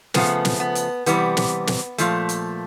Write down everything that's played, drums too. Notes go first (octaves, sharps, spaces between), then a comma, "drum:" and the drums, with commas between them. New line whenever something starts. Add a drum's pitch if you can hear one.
C#3 F3 A3 B3, drum: snare
drum: snare
B3
drum: hi-hat
C3 E3 G3 B3, drum: hi-hat
drum: snare
drum: snare
A#2 F3 A3, drum: hi-hat
drum: hi-hat